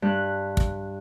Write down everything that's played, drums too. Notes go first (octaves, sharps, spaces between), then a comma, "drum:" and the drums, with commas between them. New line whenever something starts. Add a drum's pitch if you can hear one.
G2 F#6
drum: kick